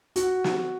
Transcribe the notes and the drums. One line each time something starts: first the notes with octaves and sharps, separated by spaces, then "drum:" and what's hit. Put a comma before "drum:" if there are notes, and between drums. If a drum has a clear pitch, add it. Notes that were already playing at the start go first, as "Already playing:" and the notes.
F#4, drum: hi-hat
drum: snare